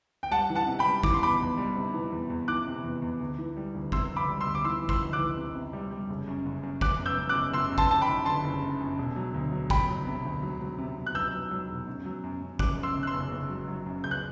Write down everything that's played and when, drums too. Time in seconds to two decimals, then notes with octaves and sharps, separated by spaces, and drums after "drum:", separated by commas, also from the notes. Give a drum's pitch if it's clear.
0.23 G5
0.31 G3 F#5 A5
0.50 E3
0.55 F#5 A5
0.67 C3
0.79 G5 B5
0.86 G3
1.03 E3 D6, drum: kick G#1
1.14 C6
1.22 E2 B5 D6
1.40 E2
1.58 G3
1.76 C3
1.94 E3
2.12 E2
2.30 E2
2.48 E3 D6 F#6
2.67 C3
2.84 E2
3.02 E2
3.21 D2
3.38 E3
3.57 G3
3.74 D2
3.92 C3 C6 E6, drum: kick G#1
4.11 D2
4.16 B5 D6
4.28 G3
4.41 C6 E6
4.46 D2
4.55 D6
4.64 E3 C6 E6
4.83 E3
4.89 C6 E6, drum: kick G#1
5.01 D2
5.13 D6 F#6
5.19 E3
5.37 C3
5.55 C3
5.73 G3
5.91 G3
6.10 F#1
6.27 F#2
6.46 F#1
6.63 F#2
6.81 F#1 D6 F#6, drum: kick G#1
6.99 F#2
7.06 E6 G6
7.17 F#2
7.29 D6 F#6
7.35 F#1
7.53 F#1 C6 E6
7.72 F#2
7.78 A5 C6, drum: kick G#1
7.89 F#2 A5
8.01 G5 B5
8.08 F#2
8.25 D3 A5 C6
8.44 F#1
8.62 F#2
8.80 F#2
8.98 E1
9.16 F#3
9.34 D2
9.52 F#3
9.70 E1 G5 B5, drum: kick G#1
9.88 F#3
10.07 C3
10.25 D2
10.42 F#3
10.61 F#3
10.78 C3
10.97 F#3
11.07 F#6
11.15 F#3 E6 G6
11.33 F#3
11.51 F#3
11.69 E1
11.87 F#2
12.05 F#3
12.24 F#2
12.41 F#2
12.59 F#1 D6 F#6, drum: kick G#1
12.78 F#2
12.83 C6 E6
12.95 F#2
13.03 F#6
13.07 C6 E6
13.13 F#1
13.31 F#1
13.49 F#3
13.68 F#3
13.86 F#2
14.04 F#1 G6
14.11 F#6